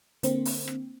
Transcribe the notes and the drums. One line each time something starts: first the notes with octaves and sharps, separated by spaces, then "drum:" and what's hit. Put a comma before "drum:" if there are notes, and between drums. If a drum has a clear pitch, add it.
D3 A#3 C4, drum: hi-hat
drum: open hi-hat
drum: rim click